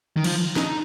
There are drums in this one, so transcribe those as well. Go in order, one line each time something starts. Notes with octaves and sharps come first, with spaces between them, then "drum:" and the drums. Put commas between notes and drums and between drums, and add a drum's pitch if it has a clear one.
D#3
F3, drum: cymbal
D#4, drum: snare